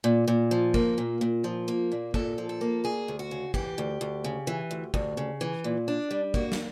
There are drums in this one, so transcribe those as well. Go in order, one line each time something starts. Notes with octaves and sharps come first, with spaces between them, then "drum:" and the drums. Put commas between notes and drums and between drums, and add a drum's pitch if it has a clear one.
A#2
A#2
F3
A#3, drum: kick
A#2
A#2
F3
A#3
A#2
A#2 A4, drum: kick
F3
A4
A#3
D2 G#4
D2
F#4
C#3
E3 G4, drum: kick
D2
D2
C#3
E3
D2
D2, drum: kick
C#3
E3
A#2
D4
G3
A#3 F#4, drum: kick
drum: snare